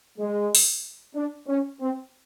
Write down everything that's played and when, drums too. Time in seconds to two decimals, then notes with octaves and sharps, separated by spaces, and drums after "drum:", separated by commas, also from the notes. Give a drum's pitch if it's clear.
0.18 G#3
0.55 drum: open hi-hat
1.15 D4
1.48 C#4
1.80 C4